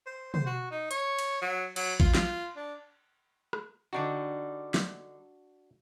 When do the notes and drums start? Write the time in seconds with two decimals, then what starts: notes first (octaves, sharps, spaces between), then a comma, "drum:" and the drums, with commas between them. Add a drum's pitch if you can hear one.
0.06 C5
0.34 C5, drum: tom
0.46 F#4
0.71 D#4
0.91 C#5, drum: hi-hat
1.19 drum: cymbal
1.42 F#3
1.76 F#3, drum: cymbal
2.00 F4, drum: kick A#1
2.15 F4, drum: snare
2.57 D4
3.53 drum: rim click
3.93 D3 G3 D4 D#4 F#4
4.74 drum: snare